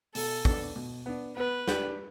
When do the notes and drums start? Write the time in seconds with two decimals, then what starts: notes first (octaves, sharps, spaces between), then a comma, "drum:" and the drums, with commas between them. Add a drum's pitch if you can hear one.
0.15 B2 A4, drum: open hi-hat
0.45 B3 D4, drum: kick
0.76 B2
1.06 B3 D4
1.37 B3 B4
1.68 D4 G4, drum: snare